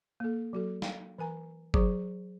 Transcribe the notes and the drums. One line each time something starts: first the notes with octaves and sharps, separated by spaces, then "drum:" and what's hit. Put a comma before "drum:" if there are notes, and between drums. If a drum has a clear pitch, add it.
A#3 A4
F#3 F#4 A4
F5 G5, drum: snare
E3 A#4 G#5 A#5
F#3 G#4 C5 A#5 C#6, drum: kick